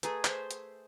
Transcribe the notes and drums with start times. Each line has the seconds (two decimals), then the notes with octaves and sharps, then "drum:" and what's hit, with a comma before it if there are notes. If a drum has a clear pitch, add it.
0.03 A3 G#4 B4 A#5, drum: hi-hat
0.25 C5 E5, drum: clap
0.51 drum: hi-hat